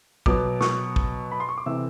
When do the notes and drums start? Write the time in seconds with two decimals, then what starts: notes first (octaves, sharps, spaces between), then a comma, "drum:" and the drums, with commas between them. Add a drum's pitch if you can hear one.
0.26 B2 F#3 B3 D6, drum: kick
0.61 C#6, drum: snare
0.96 drum: kick
1.31 B5
1.40 C6
1.49 C#6
1.58 D6
1.66 C3 E3 A3 E6